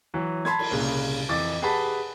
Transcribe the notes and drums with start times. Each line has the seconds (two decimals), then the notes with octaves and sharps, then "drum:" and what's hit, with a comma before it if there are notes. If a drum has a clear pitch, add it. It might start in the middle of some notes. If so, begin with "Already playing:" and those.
0.14 E3 F#3
0.45 A5 B5 C6 G#6, drum: snare
0.59 drum: cymbal
0.71 C2 A#2 C#3
1.29 F2 E3 D6 A6
1.62 G4 G#4 B4 F#5 A5 B5